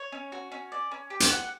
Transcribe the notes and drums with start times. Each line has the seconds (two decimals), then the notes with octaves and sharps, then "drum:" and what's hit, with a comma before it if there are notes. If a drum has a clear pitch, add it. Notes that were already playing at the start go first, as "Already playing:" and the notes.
Already playing: C#5
0.12 C#4
0.32 F#4
0.52 C#4
0.72 D5
0.91 C#4
1.10 G4
1.20 drum: hi-hat
1.30 F#5